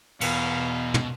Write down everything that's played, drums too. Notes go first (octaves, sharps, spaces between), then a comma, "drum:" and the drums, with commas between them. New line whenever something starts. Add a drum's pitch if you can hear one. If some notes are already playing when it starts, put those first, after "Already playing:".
E2 B2 F5 B5 C#7, drum: cymbal
drum: tom